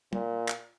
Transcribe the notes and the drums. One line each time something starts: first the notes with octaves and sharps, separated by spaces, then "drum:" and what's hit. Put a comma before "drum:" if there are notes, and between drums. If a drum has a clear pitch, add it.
A#2, drum: tom
drum: clap